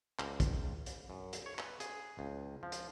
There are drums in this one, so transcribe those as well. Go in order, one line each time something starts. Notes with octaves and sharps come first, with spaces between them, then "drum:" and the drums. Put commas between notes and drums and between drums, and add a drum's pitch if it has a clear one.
C#2, drum: clap
drum: kick, hi-hat
drum: hi-hat
F#2
drum: hi-hat
C#5
B4, drum: clap
G#4, drum: hi-hat
C#2
F3
drum: hi-hat